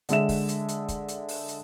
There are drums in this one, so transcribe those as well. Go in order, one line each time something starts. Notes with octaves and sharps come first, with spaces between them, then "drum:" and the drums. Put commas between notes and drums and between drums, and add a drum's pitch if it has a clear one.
D3 G#3 E5 E7, drum: hi-hat
drum: kick, open hi-hat
drum: hi-hat
drum: hi-hat
drum: kick, hi-hat
drum: hi-hat
drum: open hi-hat
drum: hi-hat